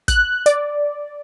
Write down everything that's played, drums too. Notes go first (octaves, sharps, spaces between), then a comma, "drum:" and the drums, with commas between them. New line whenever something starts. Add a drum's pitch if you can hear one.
F#6, drum: kick, hi-hat
D5, drum: hi-hat